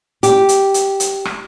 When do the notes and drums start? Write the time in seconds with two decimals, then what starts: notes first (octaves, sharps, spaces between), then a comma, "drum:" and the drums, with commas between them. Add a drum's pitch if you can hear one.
0.23 G4, drum: hi-hat
0.49 drum: hi-hat
0.74 drum: hi-hat
1.00 drum: hi-hat
1.25 drum: rim click